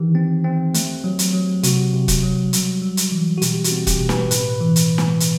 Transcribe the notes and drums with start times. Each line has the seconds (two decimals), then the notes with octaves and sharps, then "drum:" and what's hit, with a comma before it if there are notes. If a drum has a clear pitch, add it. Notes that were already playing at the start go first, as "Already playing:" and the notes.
Already playing: D#3 E3 G4
0.15 C4
0.44 C4
0.74 A3, drum: hi-hat
1.04 F#3
1.19 drum: hi-hat
1.33 F#3
1.63 C3 F#4, drum: hi-hat
1.93 C3
2.08 drum: kick, hi-hat
2.23 F#3
2.53 G3, drum: hi-hat
2.82 G3
2.97 drum: hi-hat
3.12 E3
3.38 F#4
3.42 B2 G4, drum: hi-hat
3.64 F#4, drum: hi-hat
3.72 C4
3.87 G4, drum: kick, hi-hat
4.01 B2
4.09 B4, drum: snare
4.31 A2 B4, drum: hi-hat
4.61 E3
4.76 drum: hi-hat
4.98 drum: snare
5.20 drum: hi-hat